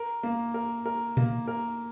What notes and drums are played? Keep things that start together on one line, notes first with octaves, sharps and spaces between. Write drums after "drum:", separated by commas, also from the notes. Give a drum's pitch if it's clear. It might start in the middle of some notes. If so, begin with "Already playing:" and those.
Already playing: A#4
A#3
A#4
A#4
A#3, drum: tom A#2
A#4